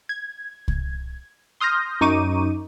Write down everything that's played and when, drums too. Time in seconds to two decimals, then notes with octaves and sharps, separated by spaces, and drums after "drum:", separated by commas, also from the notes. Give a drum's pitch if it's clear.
0.09 G#6
0.68 drum: kick C2
1.60 C6 D#6 F6 G6 A#6
2.01 F#2 D#4 C#6 D6 D#7